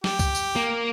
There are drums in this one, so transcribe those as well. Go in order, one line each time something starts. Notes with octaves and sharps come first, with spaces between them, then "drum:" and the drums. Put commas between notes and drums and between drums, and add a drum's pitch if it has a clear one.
G4, drum: snare
drum: kick C2, tambourine
drum: tambourine
A#3